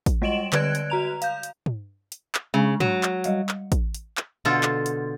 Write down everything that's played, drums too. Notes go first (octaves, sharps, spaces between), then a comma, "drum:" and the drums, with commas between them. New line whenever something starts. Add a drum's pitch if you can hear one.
drum: kick, hi-hat
G3 G#3 D#5 D7 E7 F#7
D3 B4 D5 F#6 G#6 D7, drum: clap
drum: hi-hat
F#4 A#5 F7
F5 G6, drum: hi-hat
drum: hi-hat
drum: tom
drum: hi-hat
drum: clap
C#3 G#3 G#5
F#3, drum: tom
drum: clap
G3 D#5 F5, drum: hi-hat
drum: clap
drum: kick, hi-hat
drum: hi-hat
drum: clap
B2 D3 F4 A4
drum: clap
drum: hi-hat